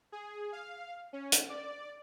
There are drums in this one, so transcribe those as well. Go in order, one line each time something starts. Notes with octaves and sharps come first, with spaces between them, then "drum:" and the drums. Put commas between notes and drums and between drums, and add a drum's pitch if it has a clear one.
G#4
F5
C#4
drum: hi-hat
D5